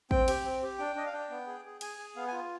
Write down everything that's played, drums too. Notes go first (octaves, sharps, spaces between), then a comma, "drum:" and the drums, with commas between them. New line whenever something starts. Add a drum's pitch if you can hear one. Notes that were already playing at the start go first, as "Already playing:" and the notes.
C4 G5, drum: kick
G4, drum: cymbal
C4
G4
D4 G5
D4 D#5
F5
D4 G5
B3
G#4
G#4
G#4 G#5, drum: cymbal
G#4
B3 F5
G#5
F4